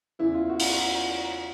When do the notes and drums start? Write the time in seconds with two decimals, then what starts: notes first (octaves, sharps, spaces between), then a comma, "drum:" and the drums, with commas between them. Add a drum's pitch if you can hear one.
0.19 E2 C#3 E3 E4
0.34 F4
0.49 F#4
0.59 F4, drum: open hi-hat
0.69 F#4